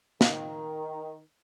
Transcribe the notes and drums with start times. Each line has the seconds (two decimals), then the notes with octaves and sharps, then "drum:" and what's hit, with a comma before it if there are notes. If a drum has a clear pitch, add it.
0.21 D#3, drum: snare